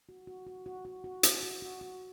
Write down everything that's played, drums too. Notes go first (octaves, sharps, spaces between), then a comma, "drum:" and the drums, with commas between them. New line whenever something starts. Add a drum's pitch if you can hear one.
F#4
F#4
F#4
F#4
F#4
F#4
F#4, drum: hi-hat
F#4
F#4
F#4